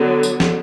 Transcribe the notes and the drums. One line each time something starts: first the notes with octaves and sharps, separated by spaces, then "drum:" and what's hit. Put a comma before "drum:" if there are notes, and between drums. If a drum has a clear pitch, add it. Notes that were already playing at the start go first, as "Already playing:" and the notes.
Already playing: D3 F#3 B3
drum: tambourine
drum: snare